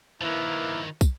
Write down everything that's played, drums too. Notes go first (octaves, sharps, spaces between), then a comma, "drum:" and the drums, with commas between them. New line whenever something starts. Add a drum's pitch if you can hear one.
D#3 F3 A#3 E4 B4
drum: kick, tambourine